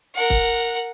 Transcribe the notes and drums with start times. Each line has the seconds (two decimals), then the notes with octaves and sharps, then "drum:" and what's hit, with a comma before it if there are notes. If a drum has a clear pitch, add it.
0.15 A#4 F#5
0.30 drum: kick